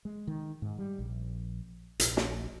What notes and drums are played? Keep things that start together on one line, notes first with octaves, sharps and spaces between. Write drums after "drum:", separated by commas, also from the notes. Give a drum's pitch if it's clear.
G#3
D#3
G#2
G3
A#1
A#1, drum: hi-hat
drum: snare